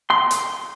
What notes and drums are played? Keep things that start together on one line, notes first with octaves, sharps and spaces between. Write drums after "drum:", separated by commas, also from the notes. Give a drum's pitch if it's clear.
C6
drum: hi-hat